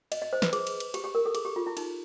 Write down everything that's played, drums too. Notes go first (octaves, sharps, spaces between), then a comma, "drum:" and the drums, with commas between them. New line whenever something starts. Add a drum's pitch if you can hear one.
D#5, drum: cymbal
D#5
C5
B4, drum: snare
G#4, drum: cymbal
drum: cymbal
drum: cymbal
G4, drum: cymbal
G4
A#4
A4
G#4, drum: cymbal
G4
F4
E4
D#4, drum: cymbal